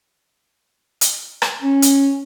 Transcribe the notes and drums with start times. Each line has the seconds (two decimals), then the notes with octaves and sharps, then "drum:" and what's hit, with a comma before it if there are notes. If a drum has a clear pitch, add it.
1.01 drum: hi-hat
1.42 drum: rim click
1.62 C#4
1.82 drum: hi-hat